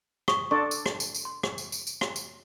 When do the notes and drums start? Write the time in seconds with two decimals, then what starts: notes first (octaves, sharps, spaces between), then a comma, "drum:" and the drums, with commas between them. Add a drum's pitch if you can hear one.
0.28 C#6 D#6 G7, drum: rim click
0.51 D4 A4 D5 C6 C#6
0.71 drum: tambourine
0.86 drum: rim click
1.00 drum: tambourine
1.15 drum: tambourine
1.25 C6
1.43 drum: rim click
1.58 drum: tambourine
1.72 drum: tambourine
1.87 drum: tambourine
2.01 drum: rim click
2.16 drum: tambourine